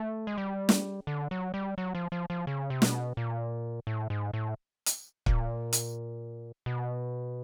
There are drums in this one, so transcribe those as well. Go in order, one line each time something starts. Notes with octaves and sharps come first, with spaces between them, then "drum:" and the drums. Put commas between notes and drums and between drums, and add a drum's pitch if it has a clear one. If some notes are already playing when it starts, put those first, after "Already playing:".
Already playing: A3
G#3
G3
drum: snare
D3
F#3
G3
F#3
F3
F3
F3
C#3
C3
B2, drum: snare
A#2
A2
G#2
A2
drum: hi-hat
A#2, drum: kick
drum: hi-hat
B2